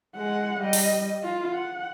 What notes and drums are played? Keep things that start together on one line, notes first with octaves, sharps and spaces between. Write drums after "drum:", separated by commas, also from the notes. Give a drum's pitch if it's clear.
G#3 F#5
G3 D#5
drum: open hi-hat
F4
F#5